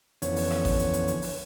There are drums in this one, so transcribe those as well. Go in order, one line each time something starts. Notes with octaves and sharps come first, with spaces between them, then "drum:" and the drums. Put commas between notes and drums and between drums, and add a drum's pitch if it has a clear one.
F2 D3 E3 B3 C#4 C#5, drum: hi-hat
drum: open hi-hat
drum: rim click
drum: kick A1, open hi-hat
drum: hi-hat
drum: hi-hat
drum: hi-hat
drum: open hi-hat